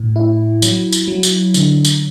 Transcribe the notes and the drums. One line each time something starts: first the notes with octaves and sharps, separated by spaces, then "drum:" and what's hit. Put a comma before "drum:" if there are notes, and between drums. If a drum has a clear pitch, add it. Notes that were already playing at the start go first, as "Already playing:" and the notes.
Already playing: A2
E4
F#3, drum: tambourine
drum: tambourine
F#3
drum: tambourine
D3, drum: tambourine
drum: tambourine